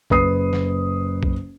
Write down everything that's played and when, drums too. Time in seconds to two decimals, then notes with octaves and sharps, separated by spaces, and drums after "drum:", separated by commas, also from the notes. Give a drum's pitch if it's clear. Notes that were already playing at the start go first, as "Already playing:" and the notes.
0.10 F#1 B4 D#6 C7, drum: kick B1
0.53 drum: snare
1.23 drum: kick B1